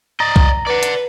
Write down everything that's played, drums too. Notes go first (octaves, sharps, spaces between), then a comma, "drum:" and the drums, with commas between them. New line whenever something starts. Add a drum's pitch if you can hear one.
D5 D#5 A#5
drum: kick
B4 D5 F#5
drum: hi-hat